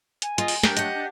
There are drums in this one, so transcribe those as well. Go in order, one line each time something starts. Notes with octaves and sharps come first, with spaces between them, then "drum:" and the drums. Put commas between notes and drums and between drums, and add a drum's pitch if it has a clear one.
G#5, drum: hi-hat
F4 G#4 D#5, drum: hi-hat
drum: open hi-hat
F#3 A3 D4 G4 A#4, drum: snare
D#5 F#5 G6, drum: hi-hat
D4